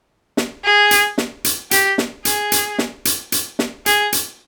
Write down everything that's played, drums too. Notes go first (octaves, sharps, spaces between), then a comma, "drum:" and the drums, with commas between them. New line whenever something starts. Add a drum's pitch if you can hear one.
drum: snare
G#4
drum: hi-hat
drum: snare
drum: hi-hat
G4, drum: hi-hat
drum: snare
G#4, drum: hi-hat
drum: hi-hat
drum: snare
drum: hi-hat
drum: hi-hat
drum: snare
G#4, drum: hi-hat
drum: hi-hat